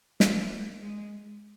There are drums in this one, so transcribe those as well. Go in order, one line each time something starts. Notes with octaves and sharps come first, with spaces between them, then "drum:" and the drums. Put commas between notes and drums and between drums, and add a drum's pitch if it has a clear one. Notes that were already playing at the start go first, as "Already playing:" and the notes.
A#3, drum: snare
G#3